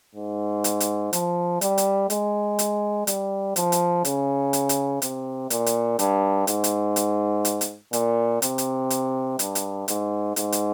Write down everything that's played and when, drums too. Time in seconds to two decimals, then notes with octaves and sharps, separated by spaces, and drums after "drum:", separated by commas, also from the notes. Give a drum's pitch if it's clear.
0.15 G#2
0.64 drum: hi-hat
0.80 drum: hi-hat
1.13 F3, drum: hi-hat
1.61 G3, drum: hi-hat
1.78 drum: hi-hat
2.10 G#3, drum: hi-hat
2.59 drum: hi-hat
3.07 G3, drum: hi-hat
3.56 F3, drum: hi-hat
3.72 drum: hi-hat
4.05 C#3, drum: hi-hat
4.53 drum: hi-hat
4.69 drum: hi-hat
5.02 C3, drum: hi-hat
5.50 A#2, drum: hi-hat
5.66 drum: hi-hat
5.99 G2, drum: hi-hat
6.47 G#2, drum: hi-hat
6.64 drum: hi-hat
6.96 drum: hi-hat
7.45 drum: hi-hat
7.61 drum: hi-hat
7.93 A#2, drum: hi-hat
8.42 C3, drum: hi-hat
8.58 drum: hi-hat
8.90 drum: hi-hat
9.39 G2, drum: hi-hat
9.55 drum: hi-hat
9.88 G#2, drum: hi-hat
10.36 G#2, drum: hi-hat
10.52 drum: hi-hat